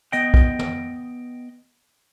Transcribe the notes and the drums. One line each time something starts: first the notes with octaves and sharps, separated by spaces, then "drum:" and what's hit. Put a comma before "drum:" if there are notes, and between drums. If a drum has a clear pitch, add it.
B3 D#5 G5, drum: hi-hat
drum: kick
drum: tom